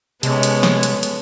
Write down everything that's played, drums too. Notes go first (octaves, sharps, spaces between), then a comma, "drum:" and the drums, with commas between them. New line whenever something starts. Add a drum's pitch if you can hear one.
C3 G#3 B3 C#4 A4, drum: hi-hat
drum: hi-hat
drum: snare
drum: hi-hat
drum: hi-hat